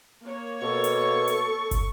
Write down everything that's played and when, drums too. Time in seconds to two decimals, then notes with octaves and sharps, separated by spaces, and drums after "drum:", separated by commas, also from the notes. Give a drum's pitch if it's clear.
0.22 A#3 C#5
0.62 B2 A4 C#6
0.84 drum: hi-hat
1.28 drum: hi-hat
1.71 drum: kick, hi-hat